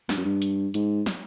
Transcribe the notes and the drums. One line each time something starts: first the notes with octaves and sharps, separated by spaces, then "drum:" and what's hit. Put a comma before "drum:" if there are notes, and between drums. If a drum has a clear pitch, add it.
G2, drum: snare
F#2
G2
drum: hi-hat
G#2, drum: hi-hat
drum: snare